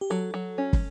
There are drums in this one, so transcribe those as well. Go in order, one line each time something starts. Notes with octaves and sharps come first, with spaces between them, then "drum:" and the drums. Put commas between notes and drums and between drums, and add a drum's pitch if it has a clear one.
G4
F#3 A4
F#3
C#4
drum: kick